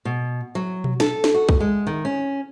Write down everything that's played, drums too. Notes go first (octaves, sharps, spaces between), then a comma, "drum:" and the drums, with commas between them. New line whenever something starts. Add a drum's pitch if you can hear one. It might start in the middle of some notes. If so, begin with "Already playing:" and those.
B2
F#3
drum: tom B2
A4, drum: snare
drum: snare
F#4
drum: kick C2
G#3
D#3
C#4